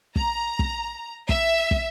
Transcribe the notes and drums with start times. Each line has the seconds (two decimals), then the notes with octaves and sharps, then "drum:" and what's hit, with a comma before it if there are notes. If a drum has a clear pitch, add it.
0.16 A#5, drum: kick
0.59 drum: kick
1.29 E5, drum: kick
1.71 drum: kick